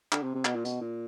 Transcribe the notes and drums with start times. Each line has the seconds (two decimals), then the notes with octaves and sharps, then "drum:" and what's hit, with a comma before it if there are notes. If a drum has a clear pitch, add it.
0.12 D3, drum: clap
0.23 C3
0.35 C3
0.45 B2, drum: clap
0.55 A#2
0.65 B2, drum: hi-hat
0.81 A#2